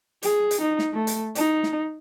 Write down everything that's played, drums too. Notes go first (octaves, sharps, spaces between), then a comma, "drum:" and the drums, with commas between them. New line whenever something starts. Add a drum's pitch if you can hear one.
G#4, drum: hi-hat
drum: hi-hat
D#4
drum: snare
A3
drum: hi-hat
D#4, drum: hi-hat
drum: snare